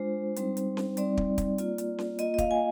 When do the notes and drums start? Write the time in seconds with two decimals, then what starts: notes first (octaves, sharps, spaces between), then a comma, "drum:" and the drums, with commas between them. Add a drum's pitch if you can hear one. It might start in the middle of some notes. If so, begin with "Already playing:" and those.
Already playing: G#3 D4 F4 C5
0.36 G3 C4 D#4, drum: hi-hat
0.57 drum: hi-hat
0.77 drum: snare C#4
0.97 G3 C4 D#4 D5, drum: hi-hat
1.17 drum: kick
1.38 drum: kick, hi-hat
1.58 A#3 F4, drum: hi-hat
1.78 drum: hi-hat
1.98 drum: snare C#4
2.19 A#3 F4 D#5, drum: hi-hat
2.34 D#5
2.38 F5, drum: kick, hi-hat
2.51 G#5